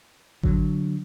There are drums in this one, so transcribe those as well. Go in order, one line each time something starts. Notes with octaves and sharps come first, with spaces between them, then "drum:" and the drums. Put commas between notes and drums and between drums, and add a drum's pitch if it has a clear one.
D3 F#3, drum: kick G#1